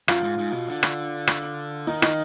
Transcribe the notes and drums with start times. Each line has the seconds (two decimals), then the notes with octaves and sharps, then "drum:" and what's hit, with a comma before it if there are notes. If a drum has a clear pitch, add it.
0.08 F#2 F4, drum: rim click
0.23 G#2
0.38 G#2
0.52 B2
0.67 D3
0.83 drum: rim click
1.27 drum: rim click
1.87 D#3 D#4
2.02 D#4, drum: rim click